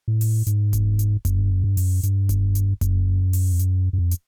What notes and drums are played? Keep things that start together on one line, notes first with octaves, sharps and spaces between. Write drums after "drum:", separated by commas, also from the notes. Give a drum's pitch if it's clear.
A2
drum: open hi-hat
G#2, drum: hi-hat
drum: kick F1, hi-hat
drum: hi-hat
F#2, drum: kick F1, hi-hat
G2
F#2
G2
F#2, drum: open hi-hat
G2, drum: hi-hat
drum: kick F1, hi-hat
drum: hi-hat
F#2, drum: kick F1, hi-hat
drum: open hi-hat
F2
F#2, drum: hi-hat
F#2
F2
drum: hi-hat